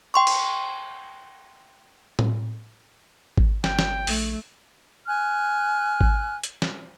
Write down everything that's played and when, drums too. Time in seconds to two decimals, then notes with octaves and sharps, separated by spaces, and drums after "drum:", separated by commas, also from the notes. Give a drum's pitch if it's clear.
0.14 G5 C6 C#6
0.27 drum: cymbal
2.19 drum: tom A2
3.37 drum: kick G#1
3.64 G1 G5, drum: snare
3.79 drum: snare
4.07 A#1 A3, drum: open hi-hat
5.07 G#5 F6 F#6
6.01 drum: kick G#1
6.43 drum: hi-hat
6.62 drum: snare